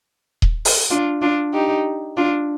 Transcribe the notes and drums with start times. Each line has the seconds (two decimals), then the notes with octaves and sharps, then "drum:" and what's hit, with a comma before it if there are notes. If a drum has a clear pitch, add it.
0.42 drum: kick D#1
0.65 drum: open hi-hat
0.90 D4 F4
1.22 D4 F4
1.53 D#4 G4
2.17 D4 F4